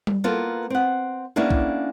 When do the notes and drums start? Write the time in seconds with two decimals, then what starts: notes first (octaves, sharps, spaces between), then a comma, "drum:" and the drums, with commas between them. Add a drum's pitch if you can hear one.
0.07 drum: tom G3
0.24 A#3 B3 F4 A4 A#4
0.70 C4 F#5
1.36 A#3 B3 C#4 D4 E4 G#4
1.50 drum: kick B1